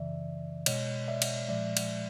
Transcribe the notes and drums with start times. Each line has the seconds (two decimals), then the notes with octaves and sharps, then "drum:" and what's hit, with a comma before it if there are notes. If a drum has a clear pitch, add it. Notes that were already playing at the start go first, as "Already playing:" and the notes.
Already playing: F#2 C#3 E3 D5 E5
0.66 B2 G#3 C#5 D#5, drum: cymbal
1.08 D5 E5
1.22 drum: cymbal
1.49 A#2 F3 G#3 D5 E5
1.77 drum: cymbal